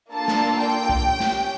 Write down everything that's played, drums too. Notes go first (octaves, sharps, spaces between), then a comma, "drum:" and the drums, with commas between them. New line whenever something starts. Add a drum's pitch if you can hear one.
A#3 D4 F4 A4 A5
drum: snare
G5
drum: kick
C#4 G4
drum: snare